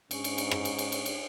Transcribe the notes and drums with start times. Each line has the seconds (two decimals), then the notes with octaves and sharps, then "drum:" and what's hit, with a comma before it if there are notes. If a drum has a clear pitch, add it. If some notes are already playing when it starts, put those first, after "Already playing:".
0.11 G#2 C#4, drum: cymbal
0.24 drum: cymbal
0.38 drum: cymbal
0.51 drum: rim click
0.65 drum: cymbal
0.79 drum: cymbal
0.92 drum: cymbal
1.06 drum: cymbal